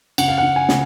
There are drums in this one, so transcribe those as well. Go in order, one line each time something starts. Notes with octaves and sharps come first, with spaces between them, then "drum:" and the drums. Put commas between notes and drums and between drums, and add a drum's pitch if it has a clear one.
C#3 F#5, drum: cymbal
F5
F#5
C#3
G#5
C#3, drum: snare